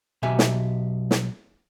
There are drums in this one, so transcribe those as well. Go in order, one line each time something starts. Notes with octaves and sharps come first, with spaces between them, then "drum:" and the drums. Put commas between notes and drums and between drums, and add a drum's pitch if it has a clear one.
B1 B2 G4 E5 G#5
drum: snare
drum: snare